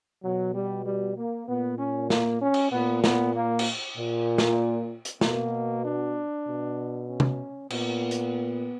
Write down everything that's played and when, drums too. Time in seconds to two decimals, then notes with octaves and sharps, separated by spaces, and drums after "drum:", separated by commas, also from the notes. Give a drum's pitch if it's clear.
0.24 B2 F#3
0.55 G3
0.85 G3
1.17 A#3
1.48 A#2 B3
1.79 C#4
2.10 A#3, drum: snare
2.41 C#4
2.54 drum: cymbal
2.72 A#2 B3
3.04 B3, drum: snare
3.35 A#3
3.59 drum: cymbal
3.97 A#2
4.38 drum: snare
5.05 drum: hi-hat
5.21 B2 A#3, drum: snare
5.83 D4
6.46 B2
7.08 C#4
7.20 drum: tom
7.70 A#2 B3, drum: cymbal
8.11 drum: hi-hat